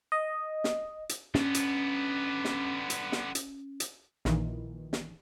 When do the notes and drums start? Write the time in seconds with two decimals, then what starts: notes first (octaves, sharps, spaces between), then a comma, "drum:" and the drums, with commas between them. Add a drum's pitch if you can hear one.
0.12 D#5
0.64 drum: snare
1.09 drum: hi-hat
1.35 D3 B3 C#4, drum: snare
1.54 drum: hi-hat
2.45 drum: snare
2.90 drum: hi-hat
3.12 drum: snare
3.35 drum: hi-hat
3.80 drum: hi-hat
4.25 A#1 A#2 D#3 E3, drum: snare
4.93 drum: snare